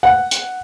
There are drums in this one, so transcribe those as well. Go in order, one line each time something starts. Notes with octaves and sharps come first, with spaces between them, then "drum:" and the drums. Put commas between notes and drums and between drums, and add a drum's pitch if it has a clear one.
F#5
drum: hi-hat